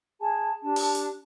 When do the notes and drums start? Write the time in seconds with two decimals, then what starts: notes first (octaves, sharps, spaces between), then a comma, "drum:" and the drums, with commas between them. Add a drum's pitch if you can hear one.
0.20 G#4 G#5 A5
0.62 D4 G4 A5
0.76 drum: open hi-hat
0.95 drum: hi-hat